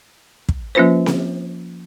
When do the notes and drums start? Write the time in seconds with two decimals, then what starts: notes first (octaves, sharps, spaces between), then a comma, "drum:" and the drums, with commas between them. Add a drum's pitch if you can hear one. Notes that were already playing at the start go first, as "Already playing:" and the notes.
0.49 drum: kick
0.75 F3 A#3 C#4 F4 B4 C5
1.06 drum: snare C4